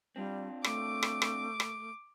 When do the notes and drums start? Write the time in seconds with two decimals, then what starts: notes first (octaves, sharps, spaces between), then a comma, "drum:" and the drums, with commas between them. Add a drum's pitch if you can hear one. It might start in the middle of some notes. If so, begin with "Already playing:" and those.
0.16 G3 C4 D4 F4
0.64 A3 D6, drum: rim click
1.03 drum: rim click
1.22 drum: rim click
1.60 drum: rim click